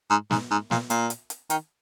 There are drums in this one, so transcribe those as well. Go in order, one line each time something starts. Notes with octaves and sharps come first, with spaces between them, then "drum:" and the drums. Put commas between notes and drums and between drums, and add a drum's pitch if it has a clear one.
G#2
G#2, drum: snare
G#2
A#2, drum: snare
A#2, drum: hi-hat
drum: hi-hat
drum: hi-hat
D#3, drum: hi-hat